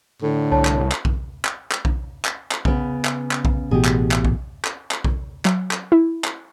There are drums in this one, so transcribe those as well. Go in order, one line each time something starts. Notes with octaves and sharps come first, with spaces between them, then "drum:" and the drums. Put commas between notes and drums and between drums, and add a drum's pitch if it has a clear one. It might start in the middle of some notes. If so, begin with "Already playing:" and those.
A2 D3
C2 C#5 A5
drum: clap
drum: clap
drum: kick B1
drum: clap
drum: clap
drum: kick B1
drum: clap
drum: clap
C#3 B3, drum: kick B1
drum: clap
drum: clap
drum: kick B1
A1 B2 G4 G#4
drum: clap
drum: clap
drum: kick B1
drum: clap
drum: clap
drum: kick B1
F#3, drum: clap
drum: clap
E4
drum: clap